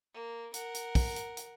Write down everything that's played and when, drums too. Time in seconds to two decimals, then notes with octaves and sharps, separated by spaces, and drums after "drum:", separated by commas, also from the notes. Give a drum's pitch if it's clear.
0.14 A#3
0.54 A#4 F#5, drum: hi-hat
0.74 drum: hi-hat
0.95 drum: kick, open hi-hat
1.16 drum: hi-hat
1.37 drum: hi-hat